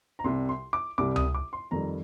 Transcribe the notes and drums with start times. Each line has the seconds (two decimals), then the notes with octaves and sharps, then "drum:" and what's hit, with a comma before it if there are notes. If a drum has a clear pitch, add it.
0.19 A#5
0.24 C2 C3 G3 C6
0.49 C6
0.73 D6
0.98 C2 C3 G3 D6
1.16 D#6, drum: tom C#2
1.35 D6
1.53 C6
1.71 F2 D#3 G3 A#5